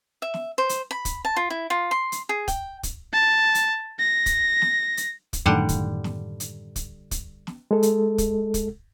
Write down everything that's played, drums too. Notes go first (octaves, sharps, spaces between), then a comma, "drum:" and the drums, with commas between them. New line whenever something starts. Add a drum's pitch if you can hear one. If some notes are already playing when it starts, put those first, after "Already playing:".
E5
drum: snare
C5
drum: hi-hat
B5
drum: kick, hi-hat
A5
F4
E4
F4
C6
drum: hi-hat
G#4
G5, drum: kick, hi-hat
drum: kick, hi-hat
A5
drum: hi-hat
A#6
drum: kick, hi-hat
drum: snare
drum: hi-hat
drum: kick, hi-hat
F#2 A2 D3 D#3 G3 F#5
drum: kick, hi-hat
drum: snare
drum: hi-hat
drum: kick, hi-hat
drum: kick, hi-hat
drum: snare
G#3 A4
drum: hi-hat
drum: kick, hi-hat
drum: kick, hi-hat